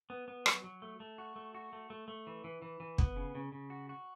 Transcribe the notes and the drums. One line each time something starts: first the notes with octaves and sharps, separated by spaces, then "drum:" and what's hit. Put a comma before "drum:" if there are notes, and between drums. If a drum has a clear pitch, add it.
B3
B3
F#3, drum: rim click
F#3
A3
A3
F#4
A3
F#4
A3
A3
A3
E3
E3
E3
E3
B3, drum: kick
C#3
C#3
C#3
F#4
F#4